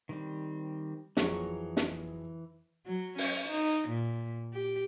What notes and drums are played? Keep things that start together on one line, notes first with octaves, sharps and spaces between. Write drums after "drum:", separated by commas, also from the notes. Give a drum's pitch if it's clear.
D#3 G3 C4
F2 E3 F#3 G#4 A#5 C#6, drum: snare
drum: snare
F#3
C#4, drum: open hi-hat
D#4
A#2
G4